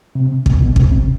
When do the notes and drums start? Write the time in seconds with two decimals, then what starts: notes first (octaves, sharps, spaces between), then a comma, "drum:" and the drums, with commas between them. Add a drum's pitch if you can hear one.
0.15 C3
0.46 C3, drum: kick
0.61 B2
0.76 C3, drum: kick
0.92 C3